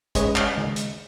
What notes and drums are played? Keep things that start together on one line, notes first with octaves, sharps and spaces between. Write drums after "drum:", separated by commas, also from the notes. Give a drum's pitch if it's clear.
G#2 G#3 C#4 B4 D#5, drum: kick, hi-hat
drum: clap
D#2 C#3 G#3
drum: hi-hat